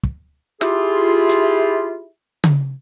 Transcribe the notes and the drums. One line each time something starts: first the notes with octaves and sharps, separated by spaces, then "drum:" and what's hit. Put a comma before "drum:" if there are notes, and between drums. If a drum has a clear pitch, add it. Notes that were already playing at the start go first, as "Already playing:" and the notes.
drum: kick
E4 F4 G4 G#4, drum: snare
drum: hi-hat
drum: tom C#3